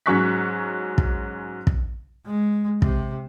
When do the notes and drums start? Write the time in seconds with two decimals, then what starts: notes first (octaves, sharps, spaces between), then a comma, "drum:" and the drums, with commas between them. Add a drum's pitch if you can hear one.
0.06 G#2 F#3 C#4 C#6 F#6 B6
0.98 drum: kick
1.67 drum: kick
2.26 G#3
2.82 C3, drum: kick